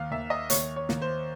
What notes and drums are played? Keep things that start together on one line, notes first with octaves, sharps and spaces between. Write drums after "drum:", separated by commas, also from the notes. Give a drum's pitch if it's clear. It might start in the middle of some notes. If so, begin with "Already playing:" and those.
Already playing: D#2 F5
D#2 E5
D#5
D#2 C#5, drum: hi-hat
C#5
D#2, drum: snare
C5